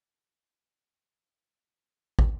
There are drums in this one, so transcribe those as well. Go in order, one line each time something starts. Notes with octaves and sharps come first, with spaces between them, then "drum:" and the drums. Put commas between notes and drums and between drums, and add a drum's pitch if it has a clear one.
E4 G#4 A#4
drum: kick